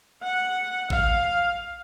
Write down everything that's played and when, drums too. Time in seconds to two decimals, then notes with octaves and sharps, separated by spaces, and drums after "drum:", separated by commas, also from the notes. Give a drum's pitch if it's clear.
0.21 F#5
0.90 F5, drum: kick A1